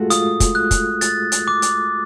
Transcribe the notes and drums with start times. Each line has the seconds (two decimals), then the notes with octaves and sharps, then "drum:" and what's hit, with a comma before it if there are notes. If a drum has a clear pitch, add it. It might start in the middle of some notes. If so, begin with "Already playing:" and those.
Already playing: G#3 A3 F4 F#4 G#4 A4
0.10 F4 D#6, drum: hi-hat
0.40 drum: kick, hi-hat
0.55 F#6
0.71 drum: kick, hi-hat
1.01 A6, drum: hi-hat
1.32 drum: hi-hat
1.48 D6
1.62 drum: hi-hat